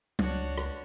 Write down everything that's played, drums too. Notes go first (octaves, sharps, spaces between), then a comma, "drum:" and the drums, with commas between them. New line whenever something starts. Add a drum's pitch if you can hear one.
C#2 D4 F#4 C#5, drum: tom F#3
drum: rim click